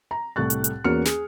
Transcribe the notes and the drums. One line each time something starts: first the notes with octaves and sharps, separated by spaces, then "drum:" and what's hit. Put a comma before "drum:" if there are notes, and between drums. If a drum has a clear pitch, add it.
A#5
C2 A2 A3 C#6 F#6 A6
drum: hi-hat
drum: hi-hat
E2 A#3 C#4 F#4 F6 C#7
G#4, drum: snare